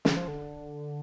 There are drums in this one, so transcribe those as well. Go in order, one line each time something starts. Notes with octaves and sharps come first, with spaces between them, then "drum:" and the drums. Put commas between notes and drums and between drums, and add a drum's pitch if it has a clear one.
D3, drum: snare
F3
D3